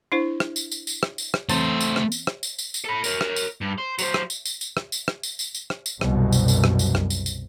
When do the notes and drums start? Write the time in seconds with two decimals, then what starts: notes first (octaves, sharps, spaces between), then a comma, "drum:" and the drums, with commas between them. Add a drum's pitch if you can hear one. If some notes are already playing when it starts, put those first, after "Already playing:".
0.12 D4 E4 C5
0.40 drum: rim click
0.56 drum: tambourine
0.71 drum: tambourine
0.87 drum: tambourine
1.03 drum: rim click
1.18 drum: tambourine
1.34 drum: rim click
1.49 E3 A3 C4 C5, drum: tambourine
1.81 drum: tambourine
1.96 drum: rim click
2.12 drum: tambourine
2.27 drum: rim click
2.43 drum: tambourine
2.58 drum: tambourine
2.74 drum: tambourine
2.85 A4 B5
3.04 A#4 C#5, drum: tambourine
3.21 drum: rim click
3.36 drum: tambourine
3.61 G2
3.78 C5
3.99 F#3 C5, drum: tambourine
4.14 drum: rim click
4.30 drum: tambourine
4.45 drum: tambourine
4.61 drum: tambourine
4.77 drum: rim click
4.92 drum: tambourine
5.08 drum: rim click
5.23 drum: tambourine
5.39 drum: tambourine
5.55 drum: tambourine
5.70 drum: rim click
5.86 drum: tambourine
6.01 C2 F#2 B2, drum: rim click
6.32 drum: tambourine
6.48 drum: tambourine
6.64 drum: rim click
6.79 drum: tambourine
6.95 drum: rim click
7.10 drum: tambourine
7.26 drum: tambourine